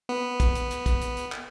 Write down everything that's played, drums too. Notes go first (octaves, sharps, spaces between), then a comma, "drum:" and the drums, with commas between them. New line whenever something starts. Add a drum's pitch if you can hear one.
B3
drum: kick, hi-hat
drum: hi-hat
drum: hi-hat
drum: kick, hi-hat
drum: hi-hat
drum: hi-hat
drum: clap